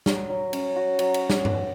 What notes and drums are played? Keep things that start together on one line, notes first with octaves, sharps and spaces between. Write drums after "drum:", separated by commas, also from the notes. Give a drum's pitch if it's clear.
F#3, drum: snare
F#3
C#4, drum: cymbal
F#4
F#3, drum: cymbal
drum: cymbal
drum: snare
drum: tom G2